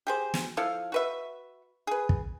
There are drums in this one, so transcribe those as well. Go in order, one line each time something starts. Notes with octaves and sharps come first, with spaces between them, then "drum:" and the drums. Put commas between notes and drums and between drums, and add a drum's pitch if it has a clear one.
G4 G#4 C5
drum: snare
F3 E4 A4 F5
F#4 B4 E5
G#4 B4
drum: kick